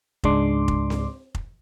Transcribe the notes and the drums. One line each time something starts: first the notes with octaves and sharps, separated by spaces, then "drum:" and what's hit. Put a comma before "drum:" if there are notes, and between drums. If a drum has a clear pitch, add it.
C#2 G#2 G#3 D4 C6 D6, drum: kick F1
drum: kick F1
drum: snare C4
drum: kick F1